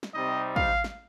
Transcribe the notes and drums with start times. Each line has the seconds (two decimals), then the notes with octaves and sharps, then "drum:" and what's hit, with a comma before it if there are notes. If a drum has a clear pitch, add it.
0.03 drum: snare
0.15 C3 G3 C4 D#4 D#5
0.56 F5, drum: kick
0.84 drum: snare